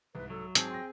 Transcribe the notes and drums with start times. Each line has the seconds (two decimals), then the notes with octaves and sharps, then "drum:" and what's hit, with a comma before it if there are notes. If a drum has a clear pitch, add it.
0.15 C2 G#2 B4
0.30 F#3 A4
0.55 G#2 C4 G#4 A5, drum: hi-hat
0.70 G5 C6 A#6